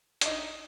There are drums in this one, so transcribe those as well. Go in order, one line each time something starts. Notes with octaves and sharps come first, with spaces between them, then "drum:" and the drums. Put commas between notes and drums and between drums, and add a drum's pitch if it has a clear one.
D4, drum: hi-hat
D#4